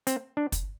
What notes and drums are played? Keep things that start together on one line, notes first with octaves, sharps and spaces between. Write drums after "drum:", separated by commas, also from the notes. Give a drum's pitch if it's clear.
C4, drum: hi-hat
D4
drum: kick, hi-hat